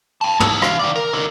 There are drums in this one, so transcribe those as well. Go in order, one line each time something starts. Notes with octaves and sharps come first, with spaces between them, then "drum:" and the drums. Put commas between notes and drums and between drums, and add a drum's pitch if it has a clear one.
G5 A5
D#4 E4, drum: tom
E3 F5, drum: rim click
D#3 D5
A#4
D3 A#4